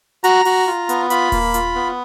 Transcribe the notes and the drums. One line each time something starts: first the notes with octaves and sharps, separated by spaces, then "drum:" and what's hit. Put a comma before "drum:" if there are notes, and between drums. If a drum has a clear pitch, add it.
F#4 A#5, drum: hi-hat
F#4, drum: open hi-hat
F4
B3, drum: hi-hat
F4 B5, drum: hi-hat
A#3, drum: kick D#1, open hi-hat
F4, drum: hi-hat
B3